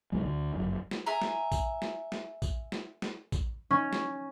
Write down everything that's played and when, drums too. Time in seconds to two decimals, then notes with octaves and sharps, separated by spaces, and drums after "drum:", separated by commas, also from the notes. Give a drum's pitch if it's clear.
0.12 C2 B2 F#3 G#3
0.25 D2 D3
0.56 G1 F#2
0.91 drum: snare
1.06 E5 G#5 A#5
1.22 drum: snare
1.52 drum: kick A#1, tambourine
1.82 drum: snare
2.12 drum: snare
2.42 drum: kick A#1, tambourine
2.72 drum: snare
3.02 drum: snare
3.32 drum: kick A#1, tambourine
3.71 C#4
3.93 drum: snare